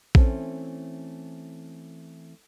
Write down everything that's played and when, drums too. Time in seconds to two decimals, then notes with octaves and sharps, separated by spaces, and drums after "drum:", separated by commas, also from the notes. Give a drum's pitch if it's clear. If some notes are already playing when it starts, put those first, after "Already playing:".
0.15 E3 A3 C4 C#4, drum: kick A#1